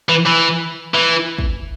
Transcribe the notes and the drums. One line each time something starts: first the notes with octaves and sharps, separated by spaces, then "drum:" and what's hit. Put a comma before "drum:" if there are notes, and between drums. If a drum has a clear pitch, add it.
E3
E3
E3
drum: kick